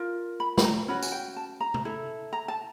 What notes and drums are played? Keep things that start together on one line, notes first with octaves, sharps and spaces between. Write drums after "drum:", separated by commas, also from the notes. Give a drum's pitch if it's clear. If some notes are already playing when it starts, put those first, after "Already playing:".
Already playing: F4 A#4
B5
B5, drum: snare
A#5
C#4 F#4 B4 B5
G#5, drum: tambourine
G5
A5
A#5
drum: tom C3
E4 A4
A#5
A5